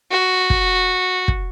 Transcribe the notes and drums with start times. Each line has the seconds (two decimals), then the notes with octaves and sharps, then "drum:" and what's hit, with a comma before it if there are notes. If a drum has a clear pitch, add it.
0.11 F#4
0.50 drum: kick
1.28 drum: kick